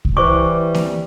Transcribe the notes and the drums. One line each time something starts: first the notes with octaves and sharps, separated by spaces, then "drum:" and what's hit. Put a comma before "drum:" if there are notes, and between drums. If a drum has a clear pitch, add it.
drum: kick C2
E3 G3 C5 C#6 D6
drum: snare A#3